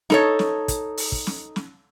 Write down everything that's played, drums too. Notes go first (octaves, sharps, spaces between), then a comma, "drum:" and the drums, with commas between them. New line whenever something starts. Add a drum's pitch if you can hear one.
D#4 A4 C#5, drum: snare
drum: snare
drum: kick, hi-hat
drum: open hi-hat
drum: kick
drum: snare
drum: snare